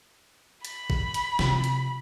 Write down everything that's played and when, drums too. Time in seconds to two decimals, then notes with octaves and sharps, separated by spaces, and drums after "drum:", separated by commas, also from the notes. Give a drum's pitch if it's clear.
0.65 B5, drum: hi-hat
0.90 drum: kick A1
1.14 drum: hi-hat
1.39 C3, drum: snare
1.64 drum: hi-hat